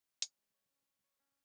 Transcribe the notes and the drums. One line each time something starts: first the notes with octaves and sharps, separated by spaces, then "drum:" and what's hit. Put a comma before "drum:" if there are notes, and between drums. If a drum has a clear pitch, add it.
C#4, drum: hi-hat
G#3
C#5
C#4
C#5
C#5
C#4